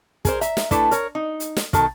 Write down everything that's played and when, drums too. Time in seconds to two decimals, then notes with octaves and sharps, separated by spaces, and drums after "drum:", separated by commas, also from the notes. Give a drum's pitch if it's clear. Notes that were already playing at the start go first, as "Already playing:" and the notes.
0.25 G#4 A#4 C5, drum: kick, hi-hat
0.41 E5 A#5, drum: hi-hat
0.57 drum: snare
0.71 A3 D4 E4 A4 B4, drum: kick, hi-hat
0.91 A#4 C#5, drum: hi-hat
1.15 D#4
1.40 drum: hi-hat
1.57 drum: snare
1.73 B2 D#3 A4, drum: kick, hi-hat